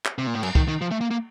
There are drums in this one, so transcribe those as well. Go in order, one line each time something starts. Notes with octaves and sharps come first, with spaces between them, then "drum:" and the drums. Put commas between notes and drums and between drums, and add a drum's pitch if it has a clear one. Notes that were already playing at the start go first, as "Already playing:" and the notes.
drum: clap
C3
A#2
A2
F#2, drum: cymbal
D#3, drum: kick C2
D#3
F3
A3
A#3
A#3